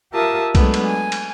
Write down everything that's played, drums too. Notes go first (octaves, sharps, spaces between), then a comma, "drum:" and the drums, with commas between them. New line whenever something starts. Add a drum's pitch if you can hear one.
F4 G4 A#4 E5 A5 D#6
F#3 G#3 A3 B3 D4, drum: kick B1, cymbal
drum: cymbal
G#5
drum: cymbal